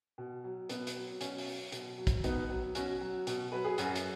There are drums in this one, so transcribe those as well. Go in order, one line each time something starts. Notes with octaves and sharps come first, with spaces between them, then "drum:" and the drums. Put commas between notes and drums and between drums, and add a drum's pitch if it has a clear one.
B2
F#3
B2 B3, drum: hi-hat
drum: hi-hat
F#3
B2 C#4, drum: hi-hat
drum: open hi-hat
F#3
B2, drum: hi-hat
F#3
drum: kick, hi-hat
B2 B3 D#4, drum: hi-hat
F#3
B2 C#4 F#4, drum: hi-hat
F#3
B2, drum: hi-hat
F#3 B4
G#4
F#2 C#4 F#4, drum: hi-hat
drum: hi-hat